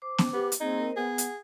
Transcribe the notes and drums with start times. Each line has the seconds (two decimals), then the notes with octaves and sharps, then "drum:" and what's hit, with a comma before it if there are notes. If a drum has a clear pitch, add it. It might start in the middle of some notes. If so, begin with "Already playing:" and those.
0.02 C5 D6
0.18 drum: snare B3
0.34 B3 G4
0.52 drum: hi-hat
0.61 A#3 C4 D#4 G#4
0.78 A#4 C5 D#5
0.97 B3 G#4 F#5
1.18 drum: hi-hat